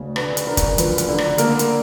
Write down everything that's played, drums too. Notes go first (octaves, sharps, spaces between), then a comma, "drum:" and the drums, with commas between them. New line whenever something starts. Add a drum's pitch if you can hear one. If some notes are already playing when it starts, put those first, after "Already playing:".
Already playing: D2 C#3
D3 B4, drum: rim click
drum: hi-hat
D3 A#4
drum: kick, hi-hat
F3 B4, drum: hi-hat
drum: hi-hat
D3
drum: rim click
A#3 A#4, drum: hi-hat
drum: hi-hat